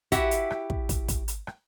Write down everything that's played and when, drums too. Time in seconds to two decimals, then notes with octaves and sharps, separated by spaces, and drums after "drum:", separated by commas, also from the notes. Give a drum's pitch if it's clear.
0.12 E4 F#4 G4 E5 F#5, drum: kick, hi-hat
0.31 drum: hi-hat
0.50 drum: rim click
0.70 drum: kick
0.89 drum: kick, hi-hat
1.08 drum: kick, hi-hat
1.28 drum: hi-hat
1.47 drum: rim click